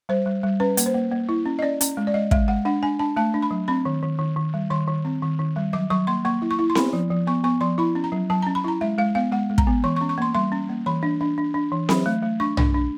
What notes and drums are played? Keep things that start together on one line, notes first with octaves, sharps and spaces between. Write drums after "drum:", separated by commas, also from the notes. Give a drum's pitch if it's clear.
G3 C5
G3
G3
C#4 B4
A#3, drum: hi-hat
C5
A#3
A#3
E4
C#4
D#5
C#4 D5
C#4, drum: hi-hat
G#3
D5
G#3 D#5
G#3 E5, drum: kick
G#3 F#5
D4 F#5
D4 G#5
D4 A5
A3 A5
D4
B5
F#3
C4 B5
D#3
D#3
D#3
D#3
G3
D#3 C6
D#3
C4
D#3
D#3
G3
F#3 D6
F#3 C#6
A#3 C6
A#3 C#6
E4
C#6
E4
C6
B3 B5, drum: snare C4
F3
F3
B3 C#6
B3 C#6
F3 C6
E4 B5
C#4
A#5
F#3
F#3 A5
A#5
C#4
B5
E4 A#5
G#3 E5
G#3 F5
B3 F5
G#3 F#5
G#3
A#5, drum: kick
B3
E3 C#6
C#6
C#4
C#6
A#3 C6
G3 C6
C#4
A#3
E3 B5
D4
D4
D4
D4
E3
F#3 B5, drum: snare C4
A3
A3
D4 C#6
D4, drum: tom B1
D4